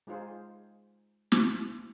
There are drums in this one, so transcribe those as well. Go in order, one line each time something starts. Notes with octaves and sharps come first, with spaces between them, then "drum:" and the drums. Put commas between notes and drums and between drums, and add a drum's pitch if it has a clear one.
G#3 D#4 F4 G#4 C5
drum: snare